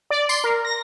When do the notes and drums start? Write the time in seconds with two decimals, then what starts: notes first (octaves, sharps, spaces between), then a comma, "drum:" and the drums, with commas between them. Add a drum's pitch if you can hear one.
0.10 D5
0.29 C6, drum: tambourine
0.44 A#4
0.65 A#6